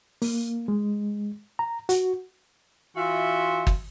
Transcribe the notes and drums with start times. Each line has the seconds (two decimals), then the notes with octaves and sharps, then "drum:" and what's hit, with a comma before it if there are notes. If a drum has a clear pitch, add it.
0.22 A#3, drum: open hi-hat
0.68 G#3
1.59 A#5
1.89 F#4, drum: hi-hat
2.97 E3 F4 F#4 E5 C6
3.67 drum: kick G1